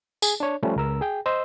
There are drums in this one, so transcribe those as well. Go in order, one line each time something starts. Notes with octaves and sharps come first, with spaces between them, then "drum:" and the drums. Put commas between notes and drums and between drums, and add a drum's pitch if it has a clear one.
G#4, drum: tambourine
D4 C#5
F3 G3 A3 C#4
C#2 A#4 E6
G#4 G5
C5 D#5 E6